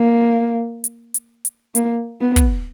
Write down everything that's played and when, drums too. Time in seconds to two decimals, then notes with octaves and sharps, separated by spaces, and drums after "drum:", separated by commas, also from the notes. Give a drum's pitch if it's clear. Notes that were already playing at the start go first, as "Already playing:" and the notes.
Already playing: A#3
0.84 drum: hi-hat
1.14 drum: hi-hat
1.45 drum: hi-hat
1.75 A#3, drum: hi-hat
2.21 B3
2.36 drum: kick, hi-hat